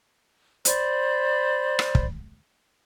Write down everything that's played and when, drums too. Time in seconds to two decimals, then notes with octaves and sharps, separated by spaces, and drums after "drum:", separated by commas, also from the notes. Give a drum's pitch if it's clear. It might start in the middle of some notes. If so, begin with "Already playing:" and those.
0.65 C5 D5 B5, drum: hi-hat
1.79 drum: rim click
1.95 drum: kick